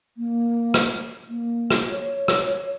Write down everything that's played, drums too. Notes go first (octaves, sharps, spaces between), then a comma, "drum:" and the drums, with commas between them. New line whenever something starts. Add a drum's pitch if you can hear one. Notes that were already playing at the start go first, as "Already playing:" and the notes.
A#3
drum: rim click
A#3
drum: rim click
C#5
drum: rim click